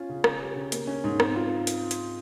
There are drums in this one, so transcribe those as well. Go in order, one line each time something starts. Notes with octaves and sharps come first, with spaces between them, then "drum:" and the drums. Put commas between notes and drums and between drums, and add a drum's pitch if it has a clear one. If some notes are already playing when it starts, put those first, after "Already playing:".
Already playing: C#4 F4
C#3
C#4, drum: rim click
G4
C#3
A#3, drum: hi-hat
C#4
G#2
C4, drum: rim click
F4
drum: hi-hat
drum: hi-hat